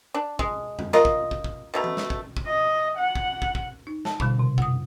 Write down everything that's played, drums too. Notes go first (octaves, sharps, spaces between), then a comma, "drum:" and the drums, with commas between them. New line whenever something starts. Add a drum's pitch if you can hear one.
D4
G#3, drum: kick
drum: tom
F4 A#4 D#5, drum: snare
drum: kick
drum: kick
drum: kick
B2 A3 A#5
drum: tom E3
drum: snare
drum: kick
drum: kick
D#5
F#5
drum: kick
drum: kick
drum: kick
D#4
A5, drum: snare
B2 D3 G3, drum: kick
C3
F#2 D#6, drum: kick